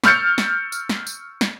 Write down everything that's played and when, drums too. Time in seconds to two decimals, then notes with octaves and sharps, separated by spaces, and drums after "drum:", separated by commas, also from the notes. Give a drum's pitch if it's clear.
0.04 C#6 E6 F6 G6 A6 C#7, drum: snare
0.38 drum: snare
0.72 drum: tambourine
0.89 drum: snare
1.07 drum: tambourine
1.41 drum: snare